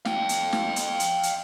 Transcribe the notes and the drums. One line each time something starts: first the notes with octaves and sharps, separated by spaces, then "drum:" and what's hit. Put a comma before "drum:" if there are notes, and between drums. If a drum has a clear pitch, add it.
F5 G5, drum: snare
drum: hi-hat
drum: snare
drum: hi-hat
drum: hi-hat
drum: hi-hat